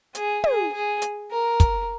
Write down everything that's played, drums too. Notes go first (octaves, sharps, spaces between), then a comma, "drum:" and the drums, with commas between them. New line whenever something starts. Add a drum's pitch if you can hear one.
G#4, drum: hi-hat
G#4, drum: tom
G#4
drum: hi-hat
A#4
drum: kick, hi-hat